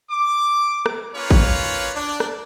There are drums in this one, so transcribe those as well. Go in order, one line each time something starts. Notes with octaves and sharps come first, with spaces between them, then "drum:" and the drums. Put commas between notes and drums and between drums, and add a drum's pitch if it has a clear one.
D6
drum: rim click
A#3 C#4 F4 B4 C#5
drum: kick
D4
drum: rim click